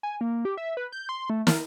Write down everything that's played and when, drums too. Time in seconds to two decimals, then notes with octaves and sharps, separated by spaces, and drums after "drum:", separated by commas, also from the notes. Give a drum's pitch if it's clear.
0.03 G#5
0.21 A#3
0.45 G4
0.57 E5
0.77 B4
0.92 G6
1.09 C6
1.30 A3
1.47 A#4, drum: snare